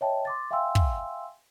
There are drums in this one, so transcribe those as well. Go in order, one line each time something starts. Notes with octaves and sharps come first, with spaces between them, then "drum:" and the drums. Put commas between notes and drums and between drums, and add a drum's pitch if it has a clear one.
C#5 D#5 E5 G5 A5
C6 D6 A6
E5 F5 G5 G#5 C6 E6
drum: kick